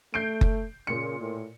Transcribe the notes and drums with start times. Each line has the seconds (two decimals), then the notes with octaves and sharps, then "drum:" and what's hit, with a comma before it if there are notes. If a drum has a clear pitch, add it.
0.14 A3 G6 C7 D7
0.41 drum: kick F#1
0.87 A#2 C#3 C#7
1.20 A2